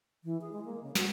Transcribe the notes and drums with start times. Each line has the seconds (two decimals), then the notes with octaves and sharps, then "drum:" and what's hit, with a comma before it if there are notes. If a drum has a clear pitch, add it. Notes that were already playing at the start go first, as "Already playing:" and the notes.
0.24 E3
0.41 G#4
0.52 G#3
0.65 A#3
0.83 C#3
0.95 F#3, drum: snare